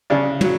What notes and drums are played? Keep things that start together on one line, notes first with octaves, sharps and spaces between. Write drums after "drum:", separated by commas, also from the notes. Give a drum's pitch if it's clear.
C#3 D4
F#3, drum: tom